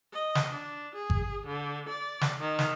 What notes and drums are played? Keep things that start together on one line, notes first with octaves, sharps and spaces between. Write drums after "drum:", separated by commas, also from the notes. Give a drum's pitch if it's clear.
D#5
drum: snare
D4
G#4
drum: kick G#1
D3
D5
drum: snare
D#3
drum: snare